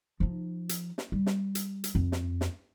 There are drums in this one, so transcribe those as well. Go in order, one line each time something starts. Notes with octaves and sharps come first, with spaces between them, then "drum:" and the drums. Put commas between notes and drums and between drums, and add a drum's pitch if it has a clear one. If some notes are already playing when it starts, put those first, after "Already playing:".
F3 D#4
drum: hi-hat
drum: snare
G3
drum: snare
drum: hi-hat
drum: hi-hat
F2
drum: snare
drum: snare